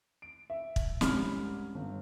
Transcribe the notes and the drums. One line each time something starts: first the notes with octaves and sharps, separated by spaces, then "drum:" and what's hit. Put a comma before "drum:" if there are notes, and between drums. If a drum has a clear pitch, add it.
D7
E5
drum: kick
C2 G#2 G3 C#4 B5 F6, drum: snare
G1